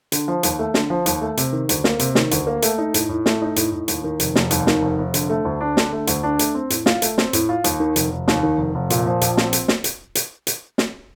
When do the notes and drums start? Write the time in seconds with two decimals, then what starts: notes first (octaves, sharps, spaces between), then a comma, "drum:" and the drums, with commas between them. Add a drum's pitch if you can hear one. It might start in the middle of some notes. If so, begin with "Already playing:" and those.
0.12 D3, drum: hi-hat
0.28 F3
0.43 D#2, drum: hi-hat
0.59 A3
0.74 D3, drum: snare
0.90 F3
1.06 D#2, drum: hi-hat
1.22 A3
1.37 C3, drum: hi-hat
1.53 D#3
1.69 D2, drum: hi-hat
1.84 A#3, drum: snare
1.99 C3, drum: hi-hat
2.15 D#3, drum: snare
2.31 D2, drum: hi-hat
2.47 A#3
2.62 A3, drum: hi-hat
2.78 D#4
2.94 A2, drum: hi-hat
3.09 A2
3.26 A3, drum: snare
3.42 D#4
3.56 A2, drum: hi-hat
3.72 A2
3.88 D#2, drum: hi-hat
4.04 D#3
4.20 F1, drum: hi-hat
4.36 F1, drum: snare
4.51 D#2, drum: hi-hat
4.67 D#3, drum: snare
4.82 F1
4.98 F1
5.14 D3, drum: hi-hat
5.30 A3
5.45 D2
5.61 D4
5.77 D3, drum: snare
5.93 A3
6.07 D2, drum: hi-hat
6.23 D4
6.39 A3, drum: hi-hat
6.55 C4
6.70 A2, drum: hi-hat
6.86 F4, drum: snare
7.02 A3, drum: hi-hat
7.18 C4, drum: snare
7.33 A2, drum: hi-hat
7.49 F4
7.64 D#2, drum: hi-hat
7.80 D#3
7.96 F1, drum: hi-hat
8.12 F1
8.28 D#2, drum: snare
8.43 D#3
8.58 F1
8.75 F1
8.90 A#2, drum: hi-hat
9.06 F3
9.21 A#1, drum: hi-hat
9.37 C4, drum: snare
9.53 drum: hi-hat
9.68 drum: snare
9.84 drum: hi-hat
10.15 drum: hi-hat
10.47 drum: hi-hat
10.78 drum: snare